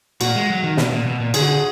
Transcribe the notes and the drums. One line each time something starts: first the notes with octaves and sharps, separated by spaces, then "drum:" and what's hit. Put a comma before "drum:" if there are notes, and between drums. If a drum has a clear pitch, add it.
A#2 F#4, drum: cymbal
G#3
F#3
D#3
B2, drum: snare
A#2
B2
A#2
D3 G#4, drum: cymbal
F#4
G#4